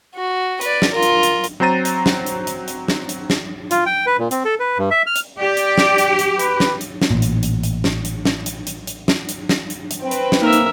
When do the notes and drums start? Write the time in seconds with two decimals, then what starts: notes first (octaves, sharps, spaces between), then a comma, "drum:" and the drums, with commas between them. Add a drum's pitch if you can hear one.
0.15 F#4
0.61 B4 D5, drum: hi-hat
0.82 drum: snare
0.92 F4 A#4
1.02 drum: hi-hat
1.23 drum: hi-hat
1.44 drum: hi-hat
1.60 F#3 C4 C5 A#5 A6 D#7
1.85 drum: hi-hat
2.06 drum: snare
2.26 drum: hi-hat
2.47 drum: hi-hat
2.68 drum: hi-hat
2.88 drum: snare
3.09 drum: hi-hat
3.30 drum: snare
3.71 F4, drum: hi-hat
3.86 G5
4.06 B4
4.19 A#2
4.31 C4, drum: hi-hat
4.45 A4
4.60 B4
4.78 G2
4.91 E5
5.06 F6
5.16 drum: hi-hat
5.40 G4 D5
5.57 drum: hi-hat
5.78 drum: snare
5.98 drum: hi-hat
6.19 drum: hi-hat
6.39 B4, drum: hi-hat
6.60 drum: snare
6.81 drum: hi-hat
7.02 drum: snare
7.11 A1 A#2
7.22 drum: hi-hat
7.43 drum: hi-hat
7.63 drum: hi-hat
7.84 drum: snare
8.05 drum: hi-hat
8.25 drum: snare
8.46 drum: hi-hat
8.67 drum: hi-hat
8.87 drum: hi-hat
9.08 drum: snare
9.29 drum: hi-hat
9.49 drum: snare
9.70 drum: hi-hat
9.91 drum: hi-hat
10.01 C4 B4
10.11 drum: hi-hat
10.32 drum: snare
10.42 A#3 D#4 A#4 E5
10.53 drum: hi-hat